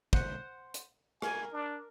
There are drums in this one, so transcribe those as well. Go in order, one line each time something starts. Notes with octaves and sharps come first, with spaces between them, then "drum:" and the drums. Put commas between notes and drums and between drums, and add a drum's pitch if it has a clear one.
C5 F#5, drum: kick
drum: hi-hat
A#4 G#5, drum: rim click
D4